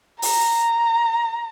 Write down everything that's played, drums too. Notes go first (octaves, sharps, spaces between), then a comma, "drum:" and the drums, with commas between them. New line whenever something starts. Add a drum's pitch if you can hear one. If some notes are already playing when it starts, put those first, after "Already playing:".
A#5, drum: open hi-hat